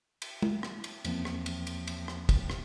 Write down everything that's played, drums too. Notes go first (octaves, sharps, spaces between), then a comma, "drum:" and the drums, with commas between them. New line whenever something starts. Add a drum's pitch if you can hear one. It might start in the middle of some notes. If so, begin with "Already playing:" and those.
drum: cymbal
drum: tom
drum: rim click
drum: cymbal
E2 F3 A#3 C4, drum: cymbal
drum: rim click
drum: cymbal
drum: cymbal
drum: cymbal
drum: rim click
drum: kick, cymbal
drum: rim click